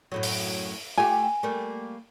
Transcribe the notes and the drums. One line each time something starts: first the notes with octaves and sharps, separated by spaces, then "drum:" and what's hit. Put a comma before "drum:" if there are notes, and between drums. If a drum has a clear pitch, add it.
F#2 A2 F#3
drum: open hi-hat
A3 F4 G4 G#5
G3 A3 A#3